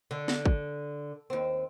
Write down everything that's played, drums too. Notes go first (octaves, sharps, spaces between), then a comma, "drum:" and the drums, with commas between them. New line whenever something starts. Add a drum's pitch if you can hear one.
D3
drum: snare
drum: kick
D#2 C4